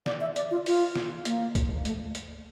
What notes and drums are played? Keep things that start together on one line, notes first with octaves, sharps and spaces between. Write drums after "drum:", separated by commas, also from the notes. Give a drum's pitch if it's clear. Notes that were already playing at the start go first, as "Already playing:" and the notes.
D5, drum: snare
E5
D5, drum: hi-hat
F4
F4, drum: open hi-hat
drum: snare
A#3, drum: hi-hat
drum: kick, hi-hat
A3, drum: hi-hat
drum: hi-hat